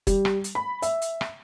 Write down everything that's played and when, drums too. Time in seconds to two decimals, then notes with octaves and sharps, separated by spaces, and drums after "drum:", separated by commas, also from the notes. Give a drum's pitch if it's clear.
0.07 G3, drum: kick, hi-hat
0.25 drum: rim click
0.44 drum: hi-hat
0.55 B5
0.82 E5, drum: hi-hat
1.02 drum: hi-hat
1.21 drum: rim click